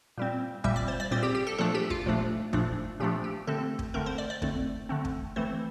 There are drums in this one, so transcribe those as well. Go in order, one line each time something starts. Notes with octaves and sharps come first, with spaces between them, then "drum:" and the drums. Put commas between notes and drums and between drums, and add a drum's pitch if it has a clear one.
A#2 G3 C4
A#2 G3 C4 E5, drum: kick
D5
C5
D5
A#2 G3 C4 C5
G4
G4
A4
A#2 F3 A3 D4 A4
G4
F4, drum: kick
A#2 F3 A3 D4
A#2 F3 A3 D4, drum: kick
A#2 F3 A3 D4 G4
G4
D3 A3 C4 A4
drum: kick
D3 A3 C4 A#4
C5
D5
D5
D3 A3 C4, drum: kick
D3 A3 C4
drum: kick
E3 A3 C4 C5